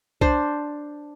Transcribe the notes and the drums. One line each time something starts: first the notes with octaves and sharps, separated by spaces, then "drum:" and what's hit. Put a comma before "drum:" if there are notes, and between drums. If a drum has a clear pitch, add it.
D4 C5, drum: kick C2